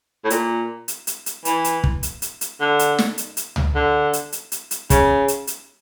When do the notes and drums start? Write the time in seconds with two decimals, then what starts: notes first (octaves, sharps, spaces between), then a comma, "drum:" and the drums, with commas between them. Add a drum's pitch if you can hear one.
0.24 A2
0.30 A#2, drum: hi-hat
0.88 drum: hi-hat
1.07 drum: hi-hat
1.26 drum: hi-hat
1.45 E3, drum: hi-hat
1.64 drum: hi-hat
1.84 drum: kick
2.03 drum: hi-hat
2.22 drum: hi-hat
2.41 drum: hi-hat
2.60 D3
2.79 drum: hi-hat
2.98 drum: snare
3.18 drum: hi-hat
3.37 drum: hi-hat
3.56 drum: tom C#2
3.75 D3
4.13 drum: hi-hat
4.32 drum: hi-hat
4.52 drum: hi-hat
4.71 drum: hi-hat
4.90 C#3, drum: kick, hi-hat
5.28 drum: hi-hat
5.47 drum: hi-hat